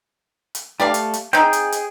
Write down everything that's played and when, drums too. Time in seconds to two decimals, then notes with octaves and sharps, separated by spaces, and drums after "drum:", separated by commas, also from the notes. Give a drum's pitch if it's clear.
0.55 drum: hi-hat
0.80 A3 G4 D5 F5
0.94 drum: hi-hat
1.13 drum: hi-hat
1.33 C4 D#4 G#4 G5, drum: snare
1.53 drum: hi-hat
1.72 drum: hi-hat